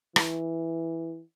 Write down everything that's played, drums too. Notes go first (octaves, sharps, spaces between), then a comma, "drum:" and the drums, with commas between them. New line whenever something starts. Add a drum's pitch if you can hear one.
E3, drum: rim click